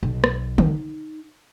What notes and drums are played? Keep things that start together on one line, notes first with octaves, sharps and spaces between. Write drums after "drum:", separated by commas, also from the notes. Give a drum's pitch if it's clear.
B1
drum: rim click
D#4, drum: tom D3